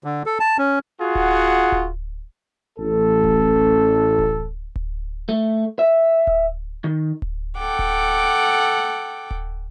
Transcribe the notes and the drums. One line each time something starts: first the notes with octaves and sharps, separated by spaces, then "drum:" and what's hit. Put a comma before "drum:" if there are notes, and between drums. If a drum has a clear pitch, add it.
D3
A4
A5
C#4
F4 F#4 G#4 F#5
drum: kick D1
drum: kick D1
A1 A4
drum: kick D1
drum: kick D1
drum: kick D1
A3
E5
drum: kick D1
D#3
drum: kick D1
A4 F#5 G5 D6
drum: kick D1
drum: kick D1